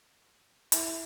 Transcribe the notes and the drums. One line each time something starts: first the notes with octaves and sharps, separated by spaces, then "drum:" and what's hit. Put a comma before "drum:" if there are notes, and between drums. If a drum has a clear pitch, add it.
E4, drum: hi-hat